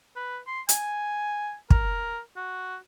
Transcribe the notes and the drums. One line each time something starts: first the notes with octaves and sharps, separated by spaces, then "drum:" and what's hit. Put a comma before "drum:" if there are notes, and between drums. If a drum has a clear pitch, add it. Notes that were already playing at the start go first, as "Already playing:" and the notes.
B4
C6
G#5, drum: hi-hat
A#4, drum: kick
F#4